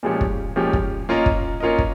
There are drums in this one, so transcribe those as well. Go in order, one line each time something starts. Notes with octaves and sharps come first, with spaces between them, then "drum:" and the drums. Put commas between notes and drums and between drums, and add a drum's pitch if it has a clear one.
A#2 F3 G#3 C#4 G4
drum: kick
A#2 F3 G#3 C#4 G4
drum: kick
A#3 C#4 F4 A#4 D#5
drum: kick
A#3 C#4 F4 A#4 D#5
drum: kick